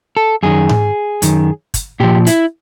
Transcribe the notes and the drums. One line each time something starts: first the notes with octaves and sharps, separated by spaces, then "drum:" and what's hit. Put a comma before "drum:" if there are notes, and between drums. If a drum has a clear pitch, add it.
A4
F#2 D#3 G#4
drum: tom G#2
F#2 D#3, drum: hi-hat
drum: kick, hi-hat
A#2 F3 G4
E4, drum: hi-hat